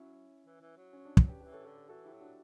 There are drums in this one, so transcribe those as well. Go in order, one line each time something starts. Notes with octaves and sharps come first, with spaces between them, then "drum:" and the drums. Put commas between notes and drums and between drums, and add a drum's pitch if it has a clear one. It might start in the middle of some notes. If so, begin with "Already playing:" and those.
Already playing: F#3 C#4 E4
E3
E3
F#3
C#4
D4
D4, drum: kick
G4 B4
E3 G4 B4
A4 C#5
D3 A4 C#5
G4 B4
E3 F#4 A4
E4 G4
F#3
D4 F#4